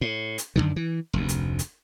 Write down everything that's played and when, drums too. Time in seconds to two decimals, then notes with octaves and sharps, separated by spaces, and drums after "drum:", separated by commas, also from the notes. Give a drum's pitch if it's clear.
0.01 A2
0.38 drum: hi-hat
0.56 F#2 B2 D3 D#3
0.76 E3
1.13 F1 D2
1.29 drum: hi-hat
1.59 drum: hi-hat